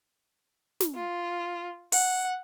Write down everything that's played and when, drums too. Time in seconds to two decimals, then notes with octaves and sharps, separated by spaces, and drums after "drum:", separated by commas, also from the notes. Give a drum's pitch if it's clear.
0.80 drum: snare
0.95 F4
1.92 F#5, drum: open hi-hat